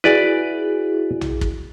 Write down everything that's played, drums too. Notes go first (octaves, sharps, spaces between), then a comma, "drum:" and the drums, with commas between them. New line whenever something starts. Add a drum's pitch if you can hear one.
E4 F#4 G#4 B4 D5
drum: tom A#1
drum: kick